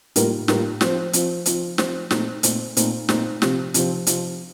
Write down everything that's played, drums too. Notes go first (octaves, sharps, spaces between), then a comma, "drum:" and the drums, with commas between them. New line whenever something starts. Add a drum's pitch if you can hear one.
A2 G3 A#3 F4 A#4, drum: hi-hat
A2 G3 A#3 F4 A#4, drum: snare
F3 C4 F4 C5, drum: snare
F3 C4 F4 C5, drum: hi-hat
F3 C4 F4 C5, drum: hi-hat
F3 C4 F4 C5, drum: snare
A#2 A3 C4 D#4, drum: snare
A#2 A3 C4 D#4, drum: hi-hat
A#2 A3 C4 D#4, drum: hi-hat
A#2 A3 C4 D#4, drum: snare
C3 F3 C4, drum: snare
C3 F3 C4, drum: hi-hat
C3 F3 C4, drum: hi-hat